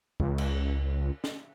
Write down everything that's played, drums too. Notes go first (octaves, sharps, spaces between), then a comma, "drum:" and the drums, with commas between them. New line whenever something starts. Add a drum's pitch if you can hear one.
C#2, drum: kick C#2
drum: cymbal
drum: snare